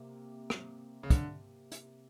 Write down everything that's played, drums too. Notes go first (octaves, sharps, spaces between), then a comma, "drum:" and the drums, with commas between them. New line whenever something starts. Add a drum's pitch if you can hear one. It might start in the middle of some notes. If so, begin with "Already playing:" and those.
Already playing: C3 A#3
drum: rim click
C#3
D3, drum: kick, hi-hat
drum: hi-hat